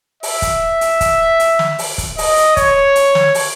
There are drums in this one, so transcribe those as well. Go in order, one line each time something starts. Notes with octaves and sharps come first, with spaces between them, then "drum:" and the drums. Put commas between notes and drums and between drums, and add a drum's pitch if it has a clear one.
E5, drum: open hi-hat
drum: kick, hi-hat
drum: hi-hat
drum: kick, hi-hat
drum: hi-hat
drum: snare
drum: open hi-hat
drum: kick, hi-hat
D#5, drum: open hi-hat
drum: hi-hat
C#5, drum: kick, hi-hat
drum: hi-hat
drum: snare
drum: open hi-hat